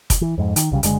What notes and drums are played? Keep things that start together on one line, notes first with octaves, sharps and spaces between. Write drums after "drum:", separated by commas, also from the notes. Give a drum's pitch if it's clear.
drum: kick, hi-hat
E3
F2 G#2
D#3, drum: hi-hat
C2 C#3 G3
F#1 D3 G#3, drum: hi-hat